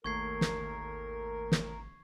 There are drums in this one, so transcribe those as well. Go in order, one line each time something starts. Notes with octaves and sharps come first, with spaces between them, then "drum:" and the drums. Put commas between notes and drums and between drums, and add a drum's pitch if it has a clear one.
G#1 D#2 A3 A#4 C#6 G#6 C7
drum: snare
drum: snare